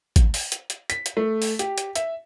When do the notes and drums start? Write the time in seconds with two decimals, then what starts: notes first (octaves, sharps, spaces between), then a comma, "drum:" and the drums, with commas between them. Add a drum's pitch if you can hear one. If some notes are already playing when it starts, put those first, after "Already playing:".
0.16 drum: kick, hi-hat
0.34 drum: open hi-hat
0.52 drum: hi-hat
0.70 drum: hi-hat
0.90 B6, drum: hi-hat
1.06 drum: hi-hat
1.17 A3
1.42 drum: open hi-hat
1.59 G4, drum: hi-hat
1.78 drum: hi-hat
1.96 E5, drum: hi-hat